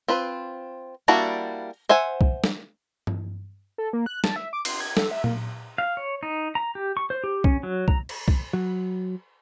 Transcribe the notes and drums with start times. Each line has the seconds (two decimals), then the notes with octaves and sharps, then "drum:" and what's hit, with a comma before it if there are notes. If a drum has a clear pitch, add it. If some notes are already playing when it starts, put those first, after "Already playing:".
0.08 C4 F4 B4
1.08 G3 A#3 D4 E4 F#4
1.89 C5 E5 F#5 G#5
2.21 drum: kick C2
2.44 drum: snare
3.07 drum: tom G2
3.78 A4
3.93 A#3
4.06 F#6
4.24 A5, drum: snare
4.36 E5
4.53 D6
4.65 C6, drum: cymbal
4.80 G#6
4.97 A4, drum: snare
5.11 E5
5.24 A#3, drum: tom A#2
5.78 F5
5.97 C#5
6.23 D#4
6.55 A#5
6.75 G4
6.97 C#6
7.10 C5
7.24 G4
7.44 C#4, drum: kick C2
7.63 F#3
7.88 A#5, drum: kick C2
8.09 drum: cymbal
8.28 drum: kick C2
8.53 F#3